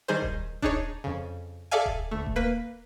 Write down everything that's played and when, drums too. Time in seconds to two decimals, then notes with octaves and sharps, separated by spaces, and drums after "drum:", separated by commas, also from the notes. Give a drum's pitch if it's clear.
0.08 D#3 G3 D#4 G#4 C5
0.23 drum: kick D#1
0.62 D4 D#4 G#4 C#5, drum: kick D#1
1.04 F2 C#3
1.71 G#4 A4 D5 E5 F5 G#5
1.86 drum: kick D#1
2.11 D2 A3
2.26 drum: kick D#1
2.36 A#3 B4